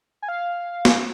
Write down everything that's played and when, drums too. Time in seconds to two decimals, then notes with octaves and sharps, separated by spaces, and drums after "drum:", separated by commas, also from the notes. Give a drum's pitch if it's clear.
0.22 G#5
0.28 F5
0.85 drum: snare